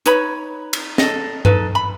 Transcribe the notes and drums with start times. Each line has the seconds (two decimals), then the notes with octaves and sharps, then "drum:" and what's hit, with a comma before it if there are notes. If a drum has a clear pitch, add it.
0.06 D#4 B4 C#5 B5, drum: hi-hat
0.73 drum: cymbal
0.98 A4 D#5, drum: snare
1.45 D#4 A4 B4, drum: tom G2
1.75 B5